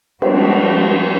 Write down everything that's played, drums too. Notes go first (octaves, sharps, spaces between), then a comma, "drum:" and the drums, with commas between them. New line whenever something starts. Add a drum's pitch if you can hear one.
F3 G3 G#3 B3 D4 F#4, drum: cymbal